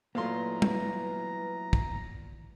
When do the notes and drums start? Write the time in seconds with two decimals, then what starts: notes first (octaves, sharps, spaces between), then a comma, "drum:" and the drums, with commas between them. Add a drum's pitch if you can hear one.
0.15 A#2 E3 F#3 A3 B3 F5 A#5 C6
0.62 drum: tom
1.73 drum: kick